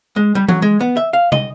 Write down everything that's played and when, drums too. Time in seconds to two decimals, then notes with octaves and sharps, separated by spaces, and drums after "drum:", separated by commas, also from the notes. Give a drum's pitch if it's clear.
0.16 G#3
0.35 G3
0.48 F#3, drum: tom E3
0.62 G#3
0.81 B3
0.97 E5
1.13 F5
1.32 D#5, drum: tom